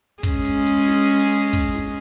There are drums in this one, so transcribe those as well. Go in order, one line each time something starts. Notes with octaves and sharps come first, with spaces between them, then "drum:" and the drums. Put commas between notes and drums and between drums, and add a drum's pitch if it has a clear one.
G#3 C#4 G#4, drum: kick, open hi-hat
drum: hi-hat
drum: hi-hat
drum: snare
drum: hi-hat
drum: hi-hat
drum: kick, hi-hat
drum: snare